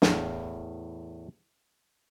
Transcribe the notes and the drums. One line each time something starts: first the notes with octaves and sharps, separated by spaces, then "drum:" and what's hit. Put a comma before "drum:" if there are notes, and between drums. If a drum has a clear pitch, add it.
E2 A2 F5 G5, drum: snare